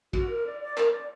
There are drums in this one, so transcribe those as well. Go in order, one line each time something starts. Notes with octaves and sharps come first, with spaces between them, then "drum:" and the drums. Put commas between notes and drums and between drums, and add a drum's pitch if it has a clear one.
F#4, drum: kick, cymbal
A#4
D5
D5
A#4, drum: clap
D5